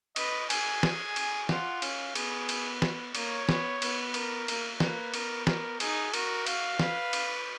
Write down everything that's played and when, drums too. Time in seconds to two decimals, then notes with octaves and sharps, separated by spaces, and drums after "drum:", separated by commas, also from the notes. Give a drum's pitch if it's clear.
0.16 B4 D#5, drum: cymbal
0.50 G#4 G#5, drum: cymbal
0.83 drum: snare
1.16 drum: cymbal
1.49 F4 F#5, drum: snare
1.82 C#4 F5, drum: cymbal
2.15 B3 G#4, drum: cymbal
2.49 drum: cymbal
2.82 drum: snare
3.15 A#3 C#5, drum: cymbal
3.49 B3, drum: snare
3.82 B3, drum: cymbal
4.14 A#4, drum: cymbal
4.48 A#3, drum: cymbal
4.80 A#3 B4, drum: snare
5.14 B3 A#4, drum: cymbal
5.47 A#4, drum: snare
5.80 D#4 G#4, drum: cymbal
6.14 F#4 A#4, drum: cymbal
6.46 F5, drum: cymbal
6.79 B4, drum: snare
7.13 drum: cymbal